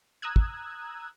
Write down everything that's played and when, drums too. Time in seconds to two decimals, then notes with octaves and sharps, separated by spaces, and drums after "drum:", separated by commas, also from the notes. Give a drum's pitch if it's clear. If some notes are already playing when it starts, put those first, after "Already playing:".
0.22 A#5 D#6 E6 F#6 G#6
0.36 drum: kick